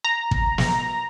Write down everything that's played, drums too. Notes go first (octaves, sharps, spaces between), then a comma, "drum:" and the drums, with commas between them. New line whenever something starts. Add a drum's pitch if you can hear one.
A#5
drum: kick
drum: snare